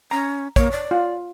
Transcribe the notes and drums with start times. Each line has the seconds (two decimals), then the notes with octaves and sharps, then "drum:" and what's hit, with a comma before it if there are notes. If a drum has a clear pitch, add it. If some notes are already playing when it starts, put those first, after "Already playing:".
0.11 C#4 A#5
0.56 A#3 C#5, drum: kick, hi-hat
0.72 D5
0.91 F4